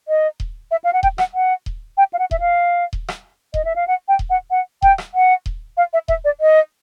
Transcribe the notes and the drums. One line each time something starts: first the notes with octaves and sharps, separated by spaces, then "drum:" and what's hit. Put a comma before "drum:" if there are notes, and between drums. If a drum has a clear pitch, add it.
D#5
drum: kick D#1
E5
F5
F#5
G5, drum: kick D#1
F#5, drum: rim click
F#5
drum: kick D#1
G5
F5
F#5
E5, drum: kick D#1
F5
drum: kick D#1
drum: rim click
D#5, drum: kick D#1
E5
F5
F#5
G5
drum: kick D#1
F#5
F#5
G5, drum: kick D#1
drum: rim click
F#5
drum: kick D#1
F5
E5
E5, drum: kick D#1
D5
D#5